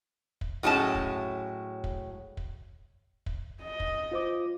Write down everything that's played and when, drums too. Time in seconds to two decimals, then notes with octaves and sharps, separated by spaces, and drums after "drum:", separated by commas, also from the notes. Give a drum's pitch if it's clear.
0.41 drum: kick
0.63 A2 F#3 G#3 C#4 A5
0.95 drum: kick
1.84 drum: kick
2.37 drum: kick
3.26 drum: kick
3.62 D#5
3.80 drum: kick
4.12 F4 C5 D6